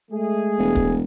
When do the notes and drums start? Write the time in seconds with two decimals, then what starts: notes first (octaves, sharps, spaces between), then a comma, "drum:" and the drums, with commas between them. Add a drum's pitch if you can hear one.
0.11 G#3 A3 G#4
0.58 E1
0.75 drum: kick